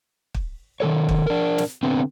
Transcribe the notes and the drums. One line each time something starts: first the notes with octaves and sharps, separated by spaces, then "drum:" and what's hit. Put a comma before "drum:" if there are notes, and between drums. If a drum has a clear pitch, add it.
drum: kick
D#3 E3 A4 C#5
drum: kick
D4 A#4
drum: snare
D3 B3 C4